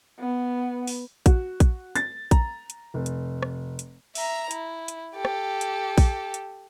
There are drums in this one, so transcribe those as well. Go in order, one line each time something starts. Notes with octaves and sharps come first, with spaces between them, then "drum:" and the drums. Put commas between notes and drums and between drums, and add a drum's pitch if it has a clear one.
B3
drum: open hi-hat
F#4, drum: kick A#1, hi-hat
drum: kick A#1, hi-hat
A6, drum: hi-hat
A#5, drum: kick A#1, hi-hat
drum: hi-hat
F1
drum: hi-hat
drum: rim click
drum: hi-hat
E5 A#5, drum: open hi-hat
E4, drum: hi-hat
drum: hi-hat
G4 A4
drum: rim click
drum: hi-hat
drum: kick A#1, open hi-hat
drum: hi-hat